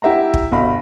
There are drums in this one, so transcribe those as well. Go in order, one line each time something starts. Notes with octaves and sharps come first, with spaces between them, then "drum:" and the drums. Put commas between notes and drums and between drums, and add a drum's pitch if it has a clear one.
E4 G4 E5 F#5 A#5
drum: kick
G1 B2 F5 B5